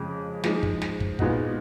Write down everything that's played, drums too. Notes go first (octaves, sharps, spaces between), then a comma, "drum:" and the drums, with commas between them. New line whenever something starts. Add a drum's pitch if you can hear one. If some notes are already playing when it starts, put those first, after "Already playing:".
Already playing: F2 C#3 G#3
F3 G#3 D#4, drum: snare
drum: kick
drum: snare
drum: kick
A#2 G#3 B3 D#4 F#4, drum: kick